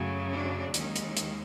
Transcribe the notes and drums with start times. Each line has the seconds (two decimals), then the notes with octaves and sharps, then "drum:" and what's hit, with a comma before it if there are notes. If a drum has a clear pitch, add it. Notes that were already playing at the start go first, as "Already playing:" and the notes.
Already playing: F#2 C#3 F#3 A3
0.33 D4
0.74 D#2 D#3 G#3 C#4, drum: hi-hat
0.96 drum: hi-hat
1.17 drum: hi-hat